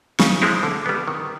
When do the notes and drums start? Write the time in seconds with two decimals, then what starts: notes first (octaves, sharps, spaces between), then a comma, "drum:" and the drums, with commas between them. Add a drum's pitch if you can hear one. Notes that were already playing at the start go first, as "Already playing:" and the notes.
0.20 C#3, drum: snare
0.42 F3 G#3 C4 E4
0.63 D3
0.86 G3 B3
1.08 D#3